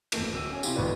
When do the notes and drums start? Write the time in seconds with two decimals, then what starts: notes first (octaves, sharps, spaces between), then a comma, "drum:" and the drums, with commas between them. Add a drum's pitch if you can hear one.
0.12 G#1 E2 A3 A#3, drum: cymbal
0.33 D1 E6 D#7
0.52 C#4 G#5
0.63 C3 E4 F4 G4, drum: tambourine
0.76 G#1 D2 A2 F#3 B4 D5